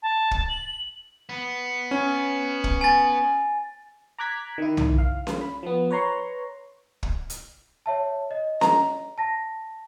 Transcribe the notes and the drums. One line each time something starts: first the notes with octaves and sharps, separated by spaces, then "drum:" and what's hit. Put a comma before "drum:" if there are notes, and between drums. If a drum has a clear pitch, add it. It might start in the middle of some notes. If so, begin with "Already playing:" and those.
A5
drum: kick
F#7
B3
C#4
drum: kick
G#5 A6
A#5 D6 F#6 G#6 B6
D#3 E4
drum: tom
F5
drum: snare C#4
B5
F3 B3
B4 C#5 A#5 C6 C#6
drum: kick
drum: hi-hat
C#5 E5 A5
D#5
A#5, drum: snare C#4
A5 A#6